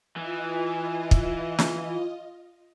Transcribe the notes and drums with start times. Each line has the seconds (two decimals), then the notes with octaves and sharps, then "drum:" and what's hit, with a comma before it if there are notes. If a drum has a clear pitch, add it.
0.17 E3 F4 D#5
1.11 drum: kick
1.58 drum: snare